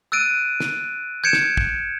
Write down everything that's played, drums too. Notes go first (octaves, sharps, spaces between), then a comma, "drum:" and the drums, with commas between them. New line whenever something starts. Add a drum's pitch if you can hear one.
E6 F#6 A6 D7 D#7
drum: snare
G6 G#6 C#7 D7 E7
drum: snare
drum: kick